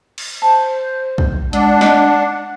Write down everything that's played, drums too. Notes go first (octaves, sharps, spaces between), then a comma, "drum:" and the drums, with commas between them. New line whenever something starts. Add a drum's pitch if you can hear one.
drum: cymbal
C5 A5
drum: kick
G#3 D4 F#5, drum: hi-hat
D#5, drum: snare